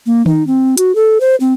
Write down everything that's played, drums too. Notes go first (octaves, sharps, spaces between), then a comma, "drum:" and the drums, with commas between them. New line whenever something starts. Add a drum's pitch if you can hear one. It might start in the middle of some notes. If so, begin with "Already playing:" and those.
A#3
D#4, drum: tom D#3
C4
F#4, drum: hi-hat
A4
C5
C4